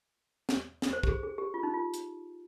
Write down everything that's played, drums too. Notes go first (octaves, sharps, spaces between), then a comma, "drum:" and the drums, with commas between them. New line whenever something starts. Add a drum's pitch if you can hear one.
drum: snare
drum: snare
C5
G4, drum: kick
G#4
G#4
G4
F4
D#4
F4
drum: hi-hat